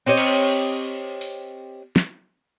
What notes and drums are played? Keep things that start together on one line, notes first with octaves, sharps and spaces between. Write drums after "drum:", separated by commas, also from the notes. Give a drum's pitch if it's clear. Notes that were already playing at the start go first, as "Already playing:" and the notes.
C4 G4 C#5 D#5
drum: cymbal
drum: open hi-hat
drum: snare